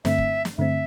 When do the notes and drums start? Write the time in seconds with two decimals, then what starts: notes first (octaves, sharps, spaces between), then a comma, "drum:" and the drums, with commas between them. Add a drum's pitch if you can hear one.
0.05 G2 D3 A3 C4 E5, drum: snare
0.18 drum: kick
0.45 drum: snare
0.58 G2 D3 A3 C4 E5